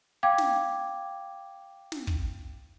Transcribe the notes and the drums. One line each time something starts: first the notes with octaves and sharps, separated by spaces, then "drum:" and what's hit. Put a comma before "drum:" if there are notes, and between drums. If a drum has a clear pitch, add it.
F5 G5 D6 G#6
drum: snare
drum: snare
drum: kick